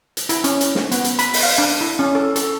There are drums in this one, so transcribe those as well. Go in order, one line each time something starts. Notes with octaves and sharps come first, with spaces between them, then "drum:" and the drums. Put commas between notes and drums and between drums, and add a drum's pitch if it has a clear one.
drum: hi-hat
E4, drum: hi-hat
C#4, drum: hi-hat
drum: hi-hat
drum: snare
B3, drum: hi-hat
drum: hi-hat
B5, drum: hi-hat
drum: open hi-hat
F5
D4
E4
C#4
A4
A4, drum: hi-hat